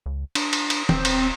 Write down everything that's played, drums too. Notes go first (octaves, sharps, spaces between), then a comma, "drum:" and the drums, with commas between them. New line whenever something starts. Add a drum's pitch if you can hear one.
C#2
D4, drum: cymbal
drum: cymbal
drum: cymbal
D#1 C4, drum: tom
drum: cymbal